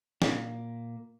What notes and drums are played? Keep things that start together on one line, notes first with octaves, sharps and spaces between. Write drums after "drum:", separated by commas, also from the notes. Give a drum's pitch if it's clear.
A#2 A#3, drum: snare